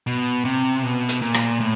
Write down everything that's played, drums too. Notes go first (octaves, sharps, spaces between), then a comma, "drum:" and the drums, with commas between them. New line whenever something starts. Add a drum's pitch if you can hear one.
B2
C3
B2
drum: hi-hat
A#2
drum: rim click
A2